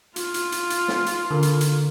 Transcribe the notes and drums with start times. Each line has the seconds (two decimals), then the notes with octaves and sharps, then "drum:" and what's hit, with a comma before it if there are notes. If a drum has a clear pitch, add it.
0.16 F4, drum: hi-hat
0.34 drum: hi-hat
0.52 drum: hi-hat
0.70 drum: hi-hat
0.88 drum: snare
1.06 drum: hi-hat
1.31 D3 A#4
1.43 drum: hi-hat
1.61 drum: hi-hat